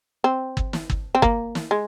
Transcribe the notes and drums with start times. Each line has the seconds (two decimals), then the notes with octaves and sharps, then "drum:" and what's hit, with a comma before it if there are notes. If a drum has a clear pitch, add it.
0.24 C4
0.57 drum: kick G1
0.73 drum: snare
0.90 drum: kick G1
1.15 C4
1.22 A#3, drum: kick G1
1.55 drum: snare
1.71 G#3